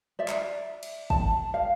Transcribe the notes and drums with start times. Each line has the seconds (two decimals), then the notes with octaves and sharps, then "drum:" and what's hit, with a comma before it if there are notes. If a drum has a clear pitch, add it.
0.19 D5 E5
0.28 drum: clap
0.83 drum: cymbal
1.10 A5, drum: kick
1.54 F5